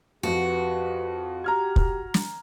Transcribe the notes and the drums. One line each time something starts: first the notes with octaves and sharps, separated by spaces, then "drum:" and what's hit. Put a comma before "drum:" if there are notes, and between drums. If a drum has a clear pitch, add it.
F2 F#4 G4 B4
G4 A#5 F6 G#6
drum: kick
drum: snare